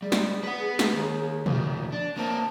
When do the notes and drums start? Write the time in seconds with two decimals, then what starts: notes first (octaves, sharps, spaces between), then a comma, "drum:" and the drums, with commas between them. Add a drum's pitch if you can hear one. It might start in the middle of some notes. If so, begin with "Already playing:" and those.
0.02 G3 G#4
0.12 drum: snare
0.43 B4 F#5
0.79 drum: snare
0.93 D#2
1.46 F2 D#3, drum: tom
1.92 D4
2.17 A#3 C4 A5